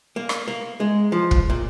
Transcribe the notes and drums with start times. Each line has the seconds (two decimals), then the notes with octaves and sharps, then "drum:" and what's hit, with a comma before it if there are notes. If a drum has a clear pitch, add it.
0.16 A#3
0.29 drum: rim click
0.48 A#3
0.80 G#3
1.12 F3
1.31 drum: kick
1.50 A#2